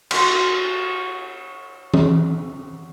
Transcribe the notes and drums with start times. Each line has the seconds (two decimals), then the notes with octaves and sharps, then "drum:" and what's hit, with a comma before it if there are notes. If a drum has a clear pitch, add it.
0.11 F#4 C6, drum: cymbal
1.94 drum: tom E3